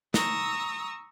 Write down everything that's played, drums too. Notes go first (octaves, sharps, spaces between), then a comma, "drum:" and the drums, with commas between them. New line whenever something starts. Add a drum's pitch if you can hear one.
A#5 C#6 D#6 E6, drum: snare